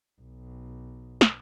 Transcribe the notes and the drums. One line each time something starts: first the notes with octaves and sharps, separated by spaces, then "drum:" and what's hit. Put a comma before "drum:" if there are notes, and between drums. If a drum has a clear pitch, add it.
B1
drum: snare